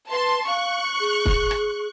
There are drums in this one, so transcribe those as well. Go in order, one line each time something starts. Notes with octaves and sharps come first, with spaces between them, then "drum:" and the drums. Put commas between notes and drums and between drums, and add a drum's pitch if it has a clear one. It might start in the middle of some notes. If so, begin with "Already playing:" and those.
B4 A5 C6
F5 C#6 F#6
G#4
drum: kick
drum: rim click